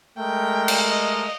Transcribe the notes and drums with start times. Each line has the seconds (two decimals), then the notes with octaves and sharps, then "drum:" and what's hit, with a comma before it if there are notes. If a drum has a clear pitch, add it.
0.19 G#3 A3 A#4 G5
0.68 drum: cymbal
0.90 D#5